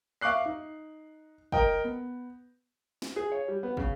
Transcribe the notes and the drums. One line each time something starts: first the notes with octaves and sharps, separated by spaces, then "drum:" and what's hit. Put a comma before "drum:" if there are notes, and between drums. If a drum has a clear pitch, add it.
E5 F5 C#6 D6 F#6 C7
D#4
A#4 D#5 G5, drum: kick
B3
drum: snare
G#4
C#5
G3
B3
C#3, drum: kick